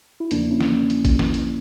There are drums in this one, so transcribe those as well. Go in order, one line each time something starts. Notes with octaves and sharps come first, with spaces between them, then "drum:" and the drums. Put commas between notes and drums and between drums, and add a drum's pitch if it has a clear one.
E4
E2 C#3 F3 A#3 D4, drum: hi-hat
C#4 E4
drum: snare
A#3
drum: hi-hat
drum: kick A1, hi-hat
drum: snare
drum: hi-hat